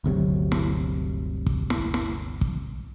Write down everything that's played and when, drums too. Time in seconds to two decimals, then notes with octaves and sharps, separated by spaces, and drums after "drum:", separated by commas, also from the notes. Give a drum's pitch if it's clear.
0.04 G1 D2 C3 F#3
0.52 drum: snare
1.46 drum: kick
1.70 drum: snare
1.94 drum: snare
2.41 drum: kick